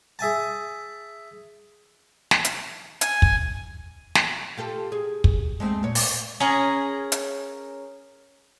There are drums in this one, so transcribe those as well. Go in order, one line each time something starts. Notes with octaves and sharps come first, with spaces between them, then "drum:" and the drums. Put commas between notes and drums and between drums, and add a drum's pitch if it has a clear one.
G#4 E5 G#5 A5
drum: snare
drum: hi-hat
G#5, drum: hi-hat
drum: kick
drum: snare
F4 G4 A4
G#4
drum: kick
G#3 A3 C4
A#2 C#5
drum: open hi-hat
C#4 G#4 A#4
drum: hi-hat